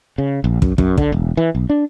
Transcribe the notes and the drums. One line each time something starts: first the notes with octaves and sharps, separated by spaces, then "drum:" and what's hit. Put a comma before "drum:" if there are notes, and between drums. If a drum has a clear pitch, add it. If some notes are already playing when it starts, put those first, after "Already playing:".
C#3
A#1
F#2, drum: kick
F#2, drum: kick
D3, drum: kick
E1
E3
B1
D4